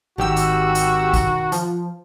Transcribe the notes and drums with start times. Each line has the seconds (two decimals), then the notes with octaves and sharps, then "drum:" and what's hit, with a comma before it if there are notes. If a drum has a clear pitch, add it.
0.18 G#1 D#3 F#4 G4 E6
0.36 drum: hi-hat
0.75 drum: hi-hat
1.14 drum: kick, hi-hat
1.52 F3, drum: hi-hat